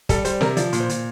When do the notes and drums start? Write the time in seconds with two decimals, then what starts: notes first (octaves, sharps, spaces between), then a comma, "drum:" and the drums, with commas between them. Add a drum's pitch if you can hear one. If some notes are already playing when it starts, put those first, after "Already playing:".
0.09 G3 A4, drum: kick, hi-hat
0.25 G3 C5, drum: hi-hat
0.41 C3 A#4, drum: snare
0.57 F3 D5, drum: hi-hat
0.73 A#2, drum: hi-hat
0.80 C5
0.89 A#2, drum: hi-hat